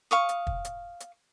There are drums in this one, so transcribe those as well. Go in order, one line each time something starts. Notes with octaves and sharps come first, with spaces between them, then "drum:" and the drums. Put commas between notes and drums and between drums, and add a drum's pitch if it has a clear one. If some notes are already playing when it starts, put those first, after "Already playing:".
F5 C#6 D#6
drum: hi-hat
drum: kick
drum: hi-hat
drum: hi-hat